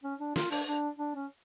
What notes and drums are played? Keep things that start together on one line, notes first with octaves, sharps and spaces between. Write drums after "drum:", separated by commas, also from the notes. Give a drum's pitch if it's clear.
C#4
D4
F4, drum: snare
D4, drum: open hi-hat
D4
D4
C#4